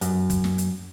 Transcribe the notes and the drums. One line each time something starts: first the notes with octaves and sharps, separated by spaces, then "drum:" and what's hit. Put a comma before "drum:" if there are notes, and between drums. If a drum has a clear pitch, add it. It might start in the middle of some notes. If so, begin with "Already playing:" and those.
F#2, drum: hi-hat
drum: kick, hi-hat
drum: snare
drum: hi-hat